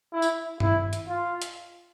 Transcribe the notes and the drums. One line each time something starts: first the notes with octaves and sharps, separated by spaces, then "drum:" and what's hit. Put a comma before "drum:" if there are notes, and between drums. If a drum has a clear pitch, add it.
E4
drum: tambourine
E4, drum: tom G2
drum: hi-hat
F4
drum: hi-hat